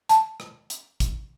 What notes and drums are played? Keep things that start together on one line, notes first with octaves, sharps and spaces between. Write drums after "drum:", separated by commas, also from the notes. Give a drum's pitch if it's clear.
A5, drum: hi-hat
drum: rim click
drum: hi-hat
drum: kick, hi-hat